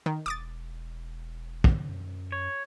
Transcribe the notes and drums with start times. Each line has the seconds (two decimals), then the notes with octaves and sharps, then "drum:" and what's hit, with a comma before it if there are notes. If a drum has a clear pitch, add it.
0.06 D#3
0.26 E1 D6 D#6 A6
1.64 drum: kick
1.89 F#2
2.32 C#5